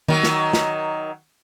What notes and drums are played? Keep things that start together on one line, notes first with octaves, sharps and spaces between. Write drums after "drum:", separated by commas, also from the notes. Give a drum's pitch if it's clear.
D#3 F#3, drum: tom
drum: snare
drum: snare